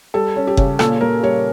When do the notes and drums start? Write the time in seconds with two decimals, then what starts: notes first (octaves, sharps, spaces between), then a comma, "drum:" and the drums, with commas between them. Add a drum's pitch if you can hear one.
0.14 G3 A4
0.36 C#4
0.47 G4
0.57 C#3, drum: kick F#1
0.79 A#2 A4, drum: rim click
1.01 A#2 A#4
1.23 G3 C#5